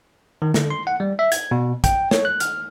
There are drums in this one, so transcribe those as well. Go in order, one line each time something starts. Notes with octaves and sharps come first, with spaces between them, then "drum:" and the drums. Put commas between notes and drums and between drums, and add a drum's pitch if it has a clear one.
D#3
D3, drum: snare
C6
F#5
G3
E5
G#6, drum: hi-hat
B2
G5, drum: kick, hi-hat
C#5, drum: snare
F#6
F6, drum: hi-hat